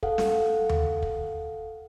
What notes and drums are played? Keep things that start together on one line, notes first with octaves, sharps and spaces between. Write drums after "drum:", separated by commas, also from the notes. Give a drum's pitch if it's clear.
A4 F5 F#5, drum: kick
drum: snare
drum: tom D#2
drum: kick